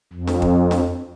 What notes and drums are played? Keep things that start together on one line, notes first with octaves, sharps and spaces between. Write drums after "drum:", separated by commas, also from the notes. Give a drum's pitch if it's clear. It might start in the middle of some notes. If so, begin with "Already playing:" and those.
F2
drum: snare D4
drum: kick
drum: snare D4